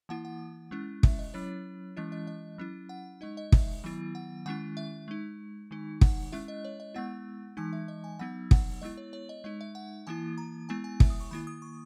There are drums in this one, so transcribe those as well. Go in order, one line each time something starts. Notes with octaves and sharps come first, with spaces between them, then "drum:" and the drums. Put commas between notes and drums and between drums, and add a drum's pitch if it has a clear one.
E3 A#3 E4 F#5
F#5
G#3 C#4 E4
E5, drum: kick
D#5
F#3 C#4 E4 C#5
E3 G#3 C#4 E4 D#5
D#5
D#5
F#3 C#4 E4
F#5
G#3 D#4 D#5
D#5
E5, drum: kick
D#3 F#3 B3 E4
F#5
D#3 G#3 C#4 E4 F#5
E5
G#3 D#4
D#3 G#3 D#4
F#5, drum: kick
G#3 C#4 E4 E5
D#5
C#5
D#5
G#3 B3 E4 F#5
E3 G#3 D#4 G#5
E5
D#5
G#5
F#3 B3 D#4 F#5
F#5, drum: kick
G#3 B3 E4 D#5
C#5
C#5
D#5
G#3 D#4 D#5
E5
F#5
E3 A#3 E4 G#5
A#5
G#3 B3 E4 G#5
G#5
E5, drum: kick
D#6
C#6
D#3 A#3 E4 B5
D#6
C#6